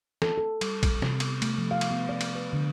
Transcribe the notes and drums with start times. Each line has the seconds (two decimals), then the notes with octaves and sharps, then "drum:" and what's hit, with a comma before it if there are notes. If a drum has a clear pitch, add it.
0.22 A4, drum: snare
0.38 A4
0.61 G3, drum: cymbal
0.83 drum: kick, cymbal
1.02 C3, drum: snare
1.20 B3, drum: cymbal
1.42 A3, drum: cymbal
1.58 F3
1.71 F5
1.81 drum: cymbal
1.91 B3
2.09 D5
2.21 drum: cymbal
2.35 B4
2.53 D3